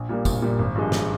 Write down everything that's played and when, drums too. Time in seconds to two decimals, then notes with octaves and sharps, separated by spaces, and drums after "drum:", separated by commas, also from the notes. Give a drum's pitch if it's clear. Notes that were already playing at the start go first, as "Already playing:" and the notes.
Already playing: A#1
0.09 A#2 G3 A#3
0.25 A#1, drum: kick, tambourine
0.42 A#2 G3 A#3
0.59 G#1
0.75 G2 F3 G#3
0.92 drum: snare